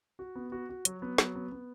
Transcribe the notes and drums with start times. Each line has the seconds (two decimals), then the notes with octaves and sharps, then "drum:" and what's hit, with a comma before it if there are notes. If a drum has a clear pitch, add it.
0.19 F#4
0.35 B3
0.52 F#4
0.69 F#4
0.85 F#3, drum: hi-hat
1.02 B3
1.18 F#3, drum: snare
1.35 B3
1.52 B3